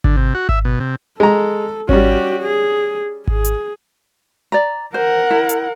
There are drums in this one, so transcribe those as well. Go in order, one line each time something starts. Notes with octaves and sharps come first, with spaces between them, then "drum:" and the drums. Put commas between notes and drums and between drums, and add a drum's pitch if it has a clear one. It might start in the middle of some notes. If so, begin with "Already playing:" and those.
D3, drum: kick G#1
C3
F#4
E5, drum: kick G#1
B2
C3
G#3 A4 A#5
G3 C#4 F#4 G4, drum: kick G#1
G#4
G#4, drum: kick G#1
drum: hi-hat
D5 A#5
A#4 C5 F#5
E4
drum: hi-hat